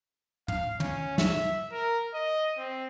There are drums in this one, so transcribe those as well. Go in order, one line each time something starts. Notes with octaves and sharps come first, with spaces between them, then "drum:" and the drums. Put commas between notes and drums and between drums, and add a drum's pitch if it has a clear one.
F5, drum: tom
C#4, drum: tom
E5, drum: snare
A#4
D#5
C4